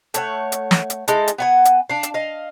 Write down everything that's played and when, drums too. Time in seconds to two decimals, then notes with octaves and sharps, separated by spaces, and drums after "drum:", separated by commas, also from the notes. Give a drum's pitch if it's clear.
0.14 A3 C#5 F#5, drum: hi-hat
0.52 drum: hi-hat
0.71 drum: snare
0.90 drum: hi-hat
1.08 G#3 D#4 E4 A4, drum: hi-hat
1.28 drum: hi-hat
1.38 B3 F#5 G#5
1.65 drum: hi-hat
1.90 D4 F5
2.03 drum: hi-hat
2.14 D#5 F5